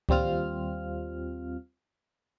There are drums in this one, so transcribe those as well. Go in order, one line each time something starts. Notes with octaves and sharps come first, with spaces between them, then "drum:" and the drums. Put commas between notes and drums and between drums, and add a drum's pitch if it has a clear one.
D#2 G3 C4 F4 F6, drum: kick C#2